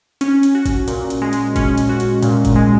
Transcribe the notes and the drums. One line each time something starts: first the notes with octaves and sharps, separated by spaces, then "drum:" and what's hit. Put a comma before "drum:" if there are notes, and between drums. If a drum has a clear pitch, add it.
C#4, drum: hi-hat
drum: hi-hat
F#4
drum: kick G1, hi-hat
A#2, drum: hi-hat
drum: hi-hat
G#3
drum: hi-hat
C#4, drum: kick G1, hi-hat
drum: hi-hat
F#4
drum: hi-hat
A#2, drum: hi-hat
drum: kick G1, hi-hat
G#3